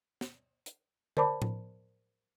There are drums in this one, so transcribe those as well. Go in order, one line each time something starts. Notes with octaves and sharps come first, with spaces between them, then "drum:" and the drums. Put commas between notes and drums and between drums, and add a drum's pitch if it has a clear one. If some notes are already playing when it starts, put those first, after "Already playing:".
drum: snare
drum: hi-hat
A#4 C5 D5 A5 B5 D6, drum: tom D3
drum: tom A2